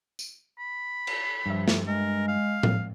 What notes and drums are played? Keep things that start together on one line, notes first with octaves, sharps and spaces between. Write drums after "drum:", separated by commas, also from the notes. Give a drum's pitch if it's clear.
drum: tambourine
B5
drum: cymbal
G2 F3 E5
drum: snare
G#3 A#4
F5
drum: tom A2